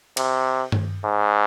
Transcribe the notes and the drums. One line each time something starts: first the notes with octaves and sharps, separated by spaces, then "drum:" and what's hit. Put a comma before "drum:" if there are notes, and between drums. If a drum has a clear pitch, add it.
C3, drum: cymbal
drum: tom G2
G#2